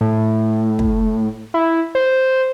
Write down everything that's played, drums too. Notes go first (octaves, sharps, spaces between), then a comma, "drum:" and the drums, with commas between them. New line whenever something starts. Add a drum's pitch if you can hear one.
A2
drum: kick
E4
C5